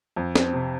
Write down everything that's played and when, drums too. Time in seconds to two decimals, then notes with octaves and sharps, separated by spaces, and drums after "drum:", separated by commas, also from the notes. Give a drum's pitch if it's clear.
0.16 F2
0.35 C4, drum: snare
0.53 C3